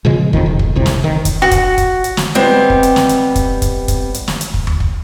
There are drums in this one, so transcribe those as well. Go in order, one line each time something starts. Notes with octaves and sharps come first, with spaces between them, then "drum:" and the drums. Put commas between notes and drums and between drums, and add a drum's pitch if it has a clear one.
A#2 C#3 F3 G#3
E1 A#1 F2 D#3, drum: kick
E1
drum: kick
F1 C2 C3
drum: snare
D#3
drum: kick, hi-hat
F#4
drum: kick, hi-hat
drum: kick, hi-hat
drum: hi-hat
drum: snare
G3 G#3 B3 C4 G4
drum: kick
drum: hi-hat
drum: snare
drum: hi-hat
drum: kick, hi-hat
drum: kick, hi-hat
drum: kick, hi-hat
drum: hi-hat
drum: snare
drum: hi-hat
drum: kick
drum: tom D#2
drum: kick